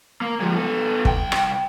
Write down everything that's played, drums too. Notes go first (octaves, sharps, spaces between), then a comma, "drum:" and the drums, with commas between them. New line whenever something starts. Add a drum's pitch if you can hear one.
A#3
F3 G#3
B3 A4
C2 G5, drum: kick G1
drum: rim click